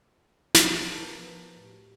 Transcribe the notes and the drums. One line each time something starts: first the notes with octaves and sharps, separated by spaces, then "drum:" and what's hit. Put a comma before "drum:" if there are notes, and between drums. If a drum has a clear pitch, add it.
C#3 G#3, drum: snare
F3 B3 A#4 A5 A#5
A2 F#4 G4